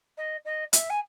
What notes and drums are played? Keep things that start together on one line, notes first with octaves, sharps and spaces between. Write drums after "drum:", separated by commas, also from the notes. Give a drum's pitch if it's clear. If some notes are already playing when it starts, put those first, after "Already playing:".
D#5
D#5
E5, drum: hi-hat
G#5